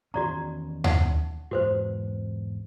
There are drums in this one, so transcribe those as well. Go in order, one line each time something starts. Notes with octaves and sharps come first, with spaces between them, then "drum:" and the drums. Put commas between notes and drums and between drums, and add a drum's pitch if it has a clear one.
E2 D#3 C#4 F#4 D5 A#5
D#4 F#5, drum: tom D#2
E2 G#2 F#4 B4 C5